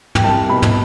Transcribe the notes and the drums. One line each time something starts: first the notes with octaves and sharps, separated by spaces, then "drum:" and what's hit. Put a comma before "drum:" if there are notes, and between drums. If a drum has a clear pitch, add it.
G5, drum: tom
C2 A5
B2 B5
drum: tom